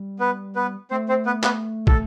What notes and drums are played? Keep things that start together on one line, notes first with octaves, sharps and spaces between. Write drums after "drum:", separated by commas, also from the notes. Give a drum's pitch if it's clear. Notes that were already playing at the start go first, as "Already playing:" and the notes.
Already playing: G3
B3 B4
B3 B4
A3 C4 C5
C4 C5
B3 B4
B3 B4, drum: clap
A4, drum: kick